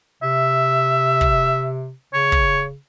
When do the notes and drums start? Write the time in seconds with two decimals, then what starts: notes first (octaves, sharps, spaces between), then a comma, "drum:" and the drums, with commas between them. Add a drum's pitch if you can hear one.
0.23 C3 E5
1.21 drum: kick
2.14 C#3 C#5
2.32 drum: kick